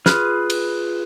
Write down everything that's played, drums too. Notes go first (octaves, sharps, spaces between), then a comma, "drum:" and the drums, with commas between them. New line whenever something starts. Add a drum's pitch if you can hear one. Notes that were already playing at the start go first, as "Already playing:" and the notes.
F4 G#4 B4 B5 F6, drum: snare
drum: cymbal